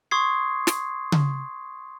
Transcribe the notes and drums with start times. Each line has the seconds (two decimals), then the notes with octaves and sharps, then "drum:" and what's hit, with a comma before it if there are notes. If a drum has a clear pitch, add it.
0.11 C6 C#6 D#6 G#6 C7
0.67 drum: snare
1.12 drum: tom C#3